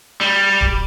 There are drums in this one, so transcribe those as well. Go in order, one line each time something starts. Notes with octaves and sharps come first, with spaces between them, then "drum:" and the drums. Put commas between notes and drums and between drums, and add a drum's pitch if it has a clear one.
G3
drum: kick